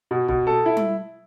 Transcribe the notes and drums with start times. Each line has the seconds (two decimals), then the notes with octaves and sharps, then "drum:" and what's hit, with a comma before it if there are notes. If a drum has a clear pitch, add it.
0.11 B2
0.29 B2, drum: kick
0.47 A4
0.66 E4
0.77 drum: tom G3